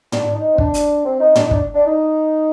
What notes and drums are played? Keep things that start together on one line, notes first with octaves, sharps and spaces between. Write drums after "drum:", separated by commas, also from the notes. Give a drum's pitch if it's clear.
D4, drum: tom
D#4
C4
D4, drum: kick
drum: hi-hat
C4
D#4
D4, drum: tom
D#4
D4, drum: kick
D4
D#4